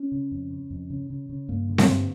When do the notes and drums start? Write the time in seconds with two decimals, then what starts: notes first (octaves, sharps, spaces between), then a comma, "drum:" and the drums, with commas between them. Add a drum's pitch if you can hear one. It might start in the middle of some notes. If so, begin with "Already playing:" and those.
Already playing: C#4
0.12 C#3
0.31 F2
0.50 C#3
0.70 F2
0.90 C#3
1.10 C#3
1.29 C#3
1.49 G2 A#3
1.69 D3
1.78 drum: snare C4
1.88 G2